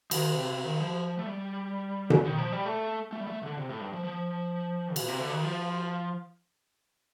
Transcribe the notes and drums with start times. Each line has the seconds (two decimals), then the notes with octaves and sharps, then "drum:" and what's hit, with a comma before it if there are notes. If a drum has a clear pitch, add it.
0.11 D#3, drum: cymbal
0.35 C3
0.50 C3
0.66 D#3
0.81 F3
1.19 A3
1.27 G3
2.10 D3, drum: tom B2
2.24 D#3
2.38 F3
2.52 G3
2.66 A3
3.13 A3
3.20 G3
3.27 A3
3.43 D3
3.58 C3
3.70 A2
3.81 G2
3.93 F3
4.04 F3
4.96 A#2, drum: cymbal
5.08 C3
5.20 D3
5.31 D#3
5.43 F3